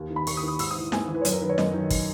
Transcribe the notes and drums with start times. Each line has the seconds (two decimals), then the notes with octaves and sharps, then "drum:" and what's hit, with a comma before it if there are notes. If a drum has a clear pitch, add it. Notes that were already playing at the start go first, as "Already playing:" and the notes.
Already playing: D#2
0.10 D#3
0.16 B5
0.27 D#2 C#6, drum: open hi-hat
0.37 D#6
0.43 D#3
0.48 D#6
0.59 G#2 E6, drum: open hi-hat
0.71 D#6
0.76 E3
0.92 G#2 G#5, drum: snare
1.08 E3
1.15 B4
1.21 C#5
1.25 F#2 B4, drum: hi-hat
1.33 A#4
1.41 D#3 B4
1.49 C#5
1.58 F#2 D#5, drum: snare
1.74 D#3
1.91 drum: kick, open hi-hat